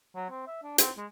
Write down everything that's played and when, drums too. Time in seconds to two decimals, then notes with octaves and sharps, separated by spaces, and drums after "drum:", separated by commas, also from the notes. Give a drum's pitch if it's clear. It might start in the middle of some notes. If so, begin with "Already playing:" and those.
0.15 F#3
0.30 C4
0.47 E5
0.63 D4
0.78 C4, drum: hi-hat
0.97 G#3